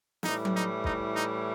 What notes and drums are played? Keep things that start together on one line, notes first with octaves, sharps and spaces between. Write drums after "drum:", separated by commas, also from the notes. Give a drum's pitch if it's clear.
A2 E3 G3 D#4, drum: snare
drum: tom F#3
D#4
D#4, drum: kick
D#4